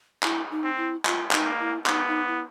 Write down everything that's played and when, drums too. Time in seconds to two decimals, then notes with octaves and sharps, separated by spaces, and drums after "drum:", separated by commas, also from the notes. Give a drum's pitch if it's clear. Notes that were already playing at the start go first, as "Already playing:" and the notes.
0.23 E4, drum: clap
0.51 D#4
0.64 C4
0.77 E4
1.05 F4, drum: clap
1.31 D#4, drum: clap
1.45 A#3
1.60 E4
1.86 B3 D#4, drum: clap
2.07 D#4
2.27 E4